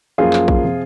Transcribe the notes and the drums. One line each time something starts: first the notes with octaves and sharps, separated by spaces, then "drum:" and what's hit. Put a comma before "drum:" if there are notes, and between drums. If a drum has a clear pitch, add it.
F#2 F3 A#3 F4 G#4
drum: clap
drum: kick A#1
C3 F3